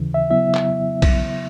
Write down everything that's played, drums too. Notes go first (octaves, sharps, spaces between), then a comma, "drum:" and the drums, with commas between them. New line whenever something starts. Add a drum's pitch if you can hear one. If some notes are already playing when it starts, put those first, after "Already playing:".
Already playing: D#2 C#3 E3
E5
C#3 F#3 B3 E4 E5
drum: clap
drum: kick B1, cymbal